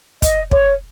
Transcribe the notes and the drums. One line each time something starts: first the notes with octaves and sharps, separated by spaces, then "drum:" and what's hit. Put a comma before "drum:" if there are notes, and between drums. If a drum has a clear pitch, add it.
D#5, drum: kick, hi-hat
C#5, drum: kick